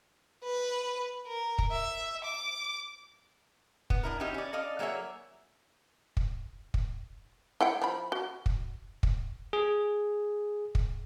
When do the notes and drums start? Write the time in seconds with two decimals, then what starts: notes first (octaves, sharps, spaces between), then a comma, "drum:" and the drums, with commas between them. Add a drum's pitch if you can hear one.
0.44 B4
1.27 A#4
1.59 drum: kick
1.71 E5
2.24 D6
3.90 B3, drum: kick
4.03 D4 E4 A#4
4.20 E2 C#4 D#4 G4 E5
4.34 C#4 D5
4.53 A4 D5 D#5 F5
4.79 F#3 A#3 G#4 C#5 E5
6.17 drum: kick
6.74 drum: kick
7.61 E4 F#5 G5
7.82 F3 B5
8.12 F#4
8.46 drum: kick
9.03 drum: kick
9.53 G#4
10.75 drum: kick